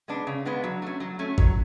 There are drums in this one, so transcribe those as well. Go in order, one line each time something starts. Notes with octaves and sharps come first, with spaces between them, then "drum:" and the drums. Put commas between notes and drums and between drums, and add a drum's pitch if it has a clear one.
G#3 B3 D4
C#3
G#3 B3 D4
F#3
A3 C#4
F#3
A3 C#4
F#3, drum: kick G#1